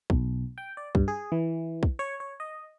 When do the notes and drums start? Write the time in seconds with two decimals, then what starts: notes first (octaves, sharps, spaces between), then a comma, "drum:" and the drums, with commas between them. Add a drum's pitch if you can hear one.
0.10 B1, drum: kick
0.58 G5
0.77 D5
0.95 G2, drum: kick
1.08 G#4
1.32 E3
1.83 drum: kick
1.99 C#5
2.20 C#5
2.40 D#5